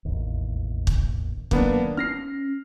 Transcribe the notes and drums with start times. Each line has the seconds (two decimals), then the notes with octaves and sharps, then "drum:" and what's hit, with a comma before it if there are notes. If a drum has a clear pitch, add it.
0.05 E1 A1 D#2
0.87 drum: kick
1.51 D#3 F#3 A#3 B3 D4, drum: kick
1.97 C#4 F6 A#6 C7